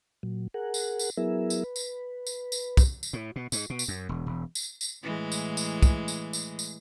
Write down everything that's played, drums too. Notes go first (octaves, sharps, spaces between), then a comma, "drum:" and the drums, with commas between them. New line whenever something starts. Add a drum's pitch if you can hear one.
A#2 F#3
G#4 A#4 F#5
drum: tambourine
drum: tambourine
F#3 B3 E4 G#4 A#4 E5
drum: tambourine
B4
drum: tambourine
drum: tambourine
drum: tambourine
drum: kick, tambourine
drum: tambourine
A2
B2
G#2, drum: tambourine
B2
drum: tambourine
F#2
E1
E1
drum: tambourine
drum: tambourine
A2 E3 G#3
drum: tambourine
drum: tambourine
drum: kick, tambourine
drum: tambourine
drum: tambourine
drum: tambourine